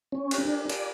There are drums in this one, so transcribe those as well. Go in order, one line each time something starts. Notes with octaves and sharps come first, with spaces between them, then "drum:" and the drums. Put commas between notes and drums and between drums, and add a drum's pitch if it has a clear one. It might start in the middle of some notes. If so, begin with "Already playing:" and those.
C#4
drum: cymbal
D4
D5, drum: cymbal